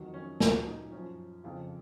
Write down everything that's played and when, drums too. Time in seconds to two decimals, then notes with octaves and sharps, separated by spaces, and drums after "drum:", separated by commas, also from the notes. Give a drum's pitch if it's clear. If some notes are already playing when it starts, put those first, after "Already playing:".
Already playing: F2 D#3 F#3
0.14 C#4
0.40 A#2 F#3 C#4, drum: snare
0.67 D#4
0.92 F#2 F3 C#4
1.44 F2 C#3 F3 F4